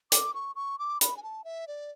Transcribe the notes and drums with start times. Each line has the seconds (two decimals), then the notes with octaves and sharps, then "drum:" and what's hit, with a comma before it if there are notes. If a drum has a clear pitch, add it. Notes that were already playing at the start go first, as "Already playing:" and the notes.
0.12 D6, drum: hi-hat
0.34 C#6
0.56 C#6
0.79 D6
1.01 B5, drum: hi-hat
1.17 G#5
1.23 A5
1.45 E5
1.68 D5